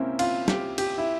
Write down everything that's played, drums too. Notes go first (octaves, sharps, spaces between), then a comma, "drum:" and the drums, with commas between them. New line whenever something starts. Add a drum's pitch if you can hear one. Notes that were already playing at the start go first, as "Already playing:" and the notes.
Already playing: C3 A#3 C4 C#4 E4
F4, drum: cymbal
G4, drum: snare
G4, drum: cymbal
E4